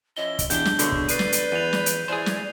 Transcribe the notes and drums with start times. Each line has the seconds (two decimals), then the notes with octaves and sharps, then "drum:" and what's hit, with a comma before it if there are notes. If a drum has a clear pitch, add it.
0.17 F3 C#4 E4 D#5 G7
0.39 drum: kick, hi-hat
0.50 E2 D4 G4 G6 G7, drum: hi-hat
0.65 drum: snare
0.79 B2 D3 G#4 C#5 E5, drum: hi-hat
0.92 drum: kick
1.08 B4 D5 C7 D#7, drum: hi-hat
1.19 drum: snare
1.32 drum: hi-hat
1.52 E2 D#7 F7
1.73 drum: snare
1.86 drum: hi-hat
2.08 E3 G#4 C5 D5 G#5
2.26 drum: snare